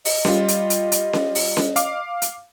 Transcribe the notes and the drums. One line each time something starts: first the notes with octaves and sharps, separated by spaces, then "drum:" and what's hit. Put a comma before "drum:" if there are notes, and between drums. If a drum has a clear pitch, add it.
D#5, drum: open hi-hat
G3 F4, drum: snare C#4
drum: hi-hat
drum: hi-hat
drum: hi-hat
drum: snare C#4
drum: open hi-hat
drum: snare C#4
F5 D6, drum: hi-hat
drum: hi-hat